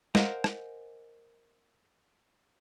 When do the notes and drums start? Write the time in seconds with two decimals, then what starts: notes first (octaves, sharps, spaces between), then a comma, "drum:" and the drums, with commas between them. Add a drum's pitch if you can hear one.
0.15 A#4 C5 D#5 F5 F#5 G#5, drum: snare
0.44 drum: rim click